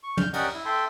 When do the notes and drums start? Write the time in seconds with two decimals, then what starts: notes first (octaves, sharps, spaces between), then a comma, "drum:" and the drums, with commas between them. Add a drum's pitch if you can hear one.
0.04 C#6
0.17 F6 G6, drum: tom
0.33 C#4 G4 A#4 D5 D#5 F#5, drum: cymbal
0.53 E4
0.65 A4 E5 G5 A5 C6